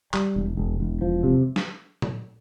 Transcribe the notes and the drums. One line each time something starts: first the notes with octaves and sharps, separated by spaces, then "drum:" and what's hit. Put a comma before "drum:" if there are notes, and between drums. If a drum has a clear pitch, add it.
G3, drum: clap
E1
E1
E1
F3
C3
drum: snare
drum: tom A#2